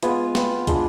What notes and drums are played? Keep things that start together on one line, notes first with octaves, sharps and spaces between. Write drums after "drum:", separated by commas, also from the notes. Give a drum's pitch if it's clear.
G#3 B3 F4 G#5, drum: hi-hat
B3 F4 G5, drum: snare
G#3 D4 F4, drum: kick, hi-hat